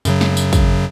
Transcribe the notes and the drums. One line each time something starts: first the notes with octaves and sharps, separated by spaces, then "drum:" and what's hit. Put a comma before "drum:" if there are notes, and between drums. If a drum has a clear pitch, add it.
F#2 C#3 F#3, drum: tambourine
drum: snare
drum: tambourine
drum: kick, tambourine